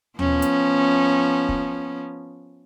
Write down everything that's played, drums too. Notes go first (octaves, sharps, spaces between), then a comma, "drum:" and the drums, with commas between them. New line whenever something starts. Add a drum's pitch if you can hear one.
F3 B3 C#4, drum: tom D#2
drum: hi-hat
drum: kick